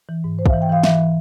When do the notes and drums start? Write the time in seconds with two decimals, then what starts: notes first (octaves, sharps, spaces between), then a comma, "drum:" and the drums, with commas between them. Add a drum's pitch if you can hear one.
0.09 E3
0.24 G#2
0.39 G#2 C5
0.46 F5, drum: kick
0.49 E5
0.54 E3
0.62 G5
0.70 E3 F5
0.83 E3 E5, drum: snare
0.99 E3